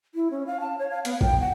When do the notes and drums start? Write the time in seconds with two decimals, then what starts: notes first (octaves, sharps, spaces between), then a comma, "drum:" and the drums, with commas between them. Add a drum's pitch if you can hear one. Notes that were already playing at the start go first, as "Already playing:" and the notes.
0.15 E4
0.31 C#4
0.47 F5
0.60 A5
0.79 C#5
0.91 F5
1.05 B3, drum: hi-hat
1.21 G5, drum: kick A1
1.41 F#5